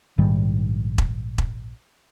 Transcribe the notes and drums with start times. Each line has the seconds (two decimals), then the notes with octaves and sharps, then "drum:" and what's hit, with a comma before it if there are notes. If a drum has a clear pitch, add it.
0.18 A#1 G#2 D#3 G3
0.98 drum: kick E1
1.38 drum: kick E1